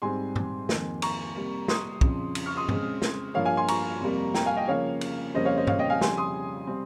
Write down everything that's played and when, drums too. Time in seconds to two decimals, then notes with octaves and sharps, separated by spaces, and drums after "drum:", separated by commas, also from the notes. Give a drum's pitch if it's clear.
0.02 G#2 G3 C4 G#5 C6
0.36 drum: tom G2
0.69 F2 D#3 A#3, drum: snare
1.02 A#5 C#6, drum: cymbal
1.35 C3 G3 A#3
1.68 C6 D#6, drum: snare
2.01 F2 C#3 F3, drum: kick
2.35 drum: cymbal
2.46 C#6 F6
2.57 C6 D#6
2.69 C#3 G#3 C4, drum: tom G2
3.02 drum: snare
3.34 G2 F3 A#3 C#5 F5
3.45 F5 G#5
3.57 G#5 C6
3.68 A#5 C#6, drum: cymbal
4.01 F2 C3 G3 A#3
4.34 G5 A#5, drum: snare
4.46 F5 G#5
4.56 D#5 G5
4.68 C#3 F3 A#3 C#5 F5
5.01 drum: cymbal
5.35 F2 C#3 G3 A#3 C5 D#5
5.45 C#5 F5
5.57 C5 D#5
5.67 C#5 F5, drum: tom G2
5.79 D#5 G5
5.90 F5 G#5
6.01 F2 C#3 G3 G#5 C6, drum: snare
6.17 C6 D#6
6.67 C3 G3 C4